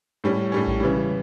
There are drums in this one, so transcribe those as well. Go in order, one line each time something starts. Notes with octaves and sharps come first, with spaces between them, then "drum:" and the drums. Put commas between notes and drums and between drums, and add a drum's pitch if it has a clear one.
A2 G3 C#4
A2 G3 C#4
drum: kick A1
C#3 E3 G3